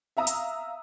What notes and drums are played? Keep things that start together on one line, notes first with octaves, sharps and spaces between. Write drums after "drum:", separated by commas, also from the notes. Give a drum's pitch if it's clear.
E5 F5 A#5 D#6 E6
drum: hi-hat